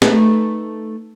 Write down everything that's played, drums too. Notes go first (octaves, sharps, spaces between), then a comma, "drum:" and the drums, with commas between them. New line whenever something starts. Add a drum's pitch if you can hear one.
A3 D#4 B4, drum: snare